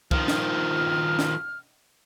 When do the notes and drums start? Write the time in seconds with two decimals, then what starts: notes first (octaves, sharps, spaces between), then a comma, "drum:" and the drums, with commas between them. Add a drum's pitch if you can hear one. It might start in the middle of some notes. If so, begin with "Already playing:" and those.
0.11 D#3 F3 F6, drum: kick C2
0.28 drum: snare
1.19 drum: snare